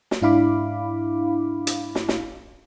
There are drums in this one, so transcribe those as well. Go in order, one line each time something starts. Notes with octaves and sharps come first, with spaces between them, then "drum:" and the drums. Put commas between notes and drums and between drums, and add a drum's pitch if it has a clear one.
drum: snare
G#2 D4 E4 F5 B5 D6
drum: hi-hat
drum: snare
drum: snare